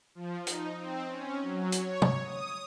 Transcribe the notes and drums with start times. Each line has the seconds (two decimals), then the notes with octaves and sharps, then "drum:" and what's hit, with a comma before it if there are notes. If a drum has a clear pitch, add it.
0.15 F3
0.47 D#4, drum: hi-hat
0.76 C4
1.08 C#4
1.41 F#3
1.72 C#5, drum: hi-hat
2.02 drum: tom
2.22 D#6